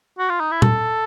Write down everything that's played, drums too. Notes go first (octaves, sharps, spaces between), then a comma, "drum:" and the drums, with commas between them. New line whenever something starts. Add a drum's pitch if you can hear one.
F#4
F4
D#4
E4
A4, drum: tom A#2